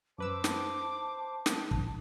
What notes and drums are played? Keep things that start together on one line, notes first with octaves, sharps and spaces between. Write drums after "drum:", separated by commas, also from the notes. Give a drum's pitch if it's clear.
F#2 B4 C5 A5 D6 E6
drum: snare
drum: snare
drum: kick